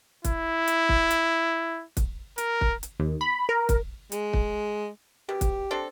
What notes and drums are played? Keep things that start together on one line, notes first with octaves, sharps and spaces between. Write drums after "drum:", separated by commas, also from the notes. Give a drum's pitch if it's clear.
E4, drum: kick, hi-hat
drum: hi-hat
drum: kick
drum: hi-hat
drum: kick, hi-hat
A#4, drum: hi-hat
drum: kick
drum: hi-hat
D#2
B5
A#4
drum: kick, hi-hat
G#3, drum: hi-hat
drum: kick
B2 G4
drum: kick, hi-hat
C4 D4 A4